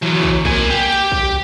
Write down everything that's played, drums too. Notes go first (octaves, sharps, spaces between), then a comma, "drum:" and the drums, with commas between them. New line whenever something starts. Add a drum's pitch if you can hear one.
E3 F#3
drum: kick
A#3 G#5, drum: kick
G4
drum: kick